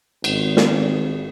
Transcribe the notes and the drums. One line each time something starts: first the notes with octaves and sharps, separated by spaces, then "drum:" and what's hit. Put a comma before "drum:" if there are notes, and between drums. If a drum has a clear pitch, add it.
G#1, drum: cymbal
drum: snare